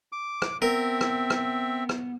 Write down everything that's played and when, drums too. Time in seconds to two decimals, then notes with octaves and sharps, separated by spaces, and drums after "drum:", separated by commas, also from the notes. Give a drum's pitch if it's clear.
0.12 D6
0.42 drum: rim click
0.62 B3 C4 A#4 E5
1.01 drum: rim click
1.30 drum: rim click
1.89 drum: rim click